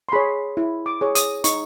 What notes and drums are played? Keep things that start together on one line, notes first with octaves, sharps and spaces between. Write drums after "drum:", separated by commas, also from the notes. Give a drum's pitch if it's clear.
C6
G#4 C#5 B5
E4
D6
G#4 C#5
D#6, drum: hi-hat
D#4 C#6, drum: hi-hat